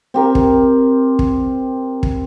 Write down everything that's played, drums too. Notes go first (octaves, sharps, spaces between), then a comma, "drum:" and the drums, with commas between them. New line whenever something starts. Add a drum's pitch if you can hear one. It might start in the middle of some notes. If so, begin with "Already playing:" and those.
C4 G4 A#4
drum: kick
drum: kick
drum: kick